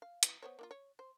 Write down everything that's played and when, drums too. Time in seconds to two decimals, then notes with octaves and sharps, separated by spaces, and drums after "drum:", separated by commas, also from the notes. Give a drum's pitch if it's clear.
0.02 F5
0.23 E3, drum: hi-hat
0.42 B3 C5 C#5
0.59 A#3 E4 F4
0.71 C#5
0.99 C5